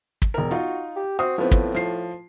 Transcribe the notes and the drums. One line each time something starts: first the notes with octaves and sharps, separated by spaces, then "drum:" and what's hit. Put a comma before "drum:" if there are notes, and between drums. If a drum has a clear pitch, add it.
drum: kick
E1 A#4
D#4 F4 F#4
G4
C4 F#4 D#6
A2 F3 B3 C4
drum: kick
F3 C7